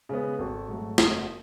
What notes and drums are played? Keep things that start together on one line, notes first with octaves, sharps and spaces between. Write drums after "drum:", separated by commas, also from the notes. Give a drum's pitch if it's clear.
C#3 G#3 B3
G#1 F#4 A4
G#2 F#3 A3
F#1, drum: snare